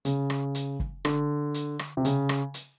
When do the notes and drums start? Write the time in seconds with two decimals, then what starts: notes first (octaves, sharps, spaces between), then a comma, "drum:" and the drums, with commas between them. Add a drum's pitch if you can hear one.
0.05 C#3, drum: hi-hat
0.30 drum: rim click
0.55 drum: hi-hat
0.80 drum: kick
1.05 D3, drum: rim click
1.54 drum: hi-hat
1.79 drum: rim click
1.97 C3
2.05 C#3, drum: hi-hat
2.29 drum: rim click
2.54 drum: hi-hat